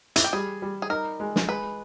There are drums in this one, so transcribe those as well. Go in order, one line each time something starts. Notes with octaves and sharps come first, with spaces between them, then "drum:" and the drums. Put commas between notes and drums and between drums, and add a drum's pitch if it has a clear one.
E4, drum: hi-hat
G4
G3 G#4
G3
G#4
D#4 A#4
G#3
drum: snare
G#3 B4